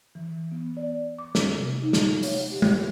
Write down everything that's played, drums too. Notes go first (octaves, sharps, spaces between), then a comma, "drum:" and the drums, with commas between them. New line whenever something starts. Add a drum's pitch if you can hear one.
E3
B3
D5
D6
C#4, drum: snare
C3
D#4
drum: snare
C#5, drum: open hi-hat
G4
drum: tom G#3